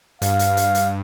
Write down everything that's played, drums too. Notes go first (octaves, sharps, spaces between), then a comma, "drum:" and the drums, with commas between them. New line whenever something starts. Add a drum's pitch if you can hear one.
G2 F5, drum: hi-hat
drum: hi-hat
drum: hi-hat
drum: hi-hat